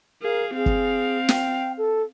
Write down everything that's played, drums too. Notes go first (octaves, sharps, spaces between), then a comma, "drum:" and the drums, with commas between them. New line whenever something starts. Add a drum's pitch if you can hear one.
G#4 A#4 F5
C4 G#4 F5
drum: kick
G5, drum: snare
A4